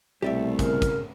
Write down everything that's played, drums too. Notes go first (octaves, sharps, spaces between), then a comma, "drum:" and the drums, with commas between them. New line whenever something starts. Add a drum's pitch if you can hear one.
C2 B2 A3 G4 D5 E5
C#3 A#4, drum: kick, hi-hat
drum: kick, hi-hat